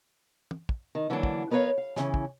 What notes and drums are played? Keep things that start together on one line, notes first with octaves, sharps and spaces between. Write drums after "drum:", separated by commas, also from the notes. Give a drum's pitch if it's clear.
drum: tom
drum: kick
D#3
D3 E3 F#3 A#3 C4 D4
drum: kick
F2 B3 A#4 B4 C#5 F5
F5
C#3 E3 C#4, drum: snare
drum: kick